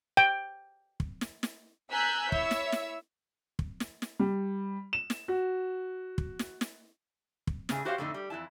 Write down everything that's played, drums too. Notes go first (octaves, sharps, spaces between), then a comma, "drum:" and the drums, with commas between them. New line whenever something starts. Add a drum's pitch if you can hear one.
G5
drum: kick
drum: snare
drum: snare
G#5 A#5 E6 F#6 G6 B6
E4 C#5 E5 E6, drum: kick
drum: snare
drum: snare
drum: kick
drum: snare
drum: snare
G3
E7
drum: snare
F#4
drum: kick
drum: snare
drum: snare
drum: kick
G#2 C#3 A3 G#4, drum: snare
F#4 G4 C5 C#5 D#5 F5
F2 A2 D3 A3 C4 D#4
G3
F2 E3 E4 A5